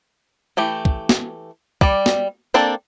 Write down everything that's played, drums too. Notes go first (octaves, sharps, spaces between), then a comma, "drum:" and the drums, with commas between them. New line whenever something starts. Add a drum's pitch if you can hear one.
E3 A3 G4
drum: kick
drum: snare
G3 D5, drum: kick
drum: snare
A#3 C4 D4 A4 D5